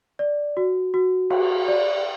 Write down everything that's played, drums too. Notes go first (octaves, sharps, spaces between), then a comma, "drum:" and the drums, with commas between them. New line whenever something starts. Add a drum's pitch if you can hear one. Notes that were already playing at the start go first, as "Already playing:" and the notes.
D5
F#4
F#4
F#4, drum: cymbal
D5